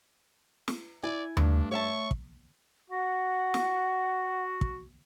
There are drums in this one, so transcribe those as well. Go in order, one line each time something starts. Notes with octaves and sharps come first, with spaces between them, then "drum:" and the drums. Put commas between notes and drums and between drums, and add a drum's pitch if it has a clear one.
drum: snare
E4 D5 G#5
G2 A3 D4, drum: tom D#2
C#5 E5 A5 C#6
drum: kick
F#4 F#5
drum: snare
drum: kick